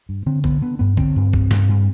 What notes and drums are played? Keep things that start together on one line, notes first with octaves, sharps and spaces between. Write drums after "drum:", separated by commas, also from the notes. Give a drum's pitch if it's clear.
G2
D3 C4
D3 B3, drum: kick B1
D3 B3
G2 B3
D3 C4, drum: kick B1
G2
G2, drum: kick B1
G2, drum: snare
G2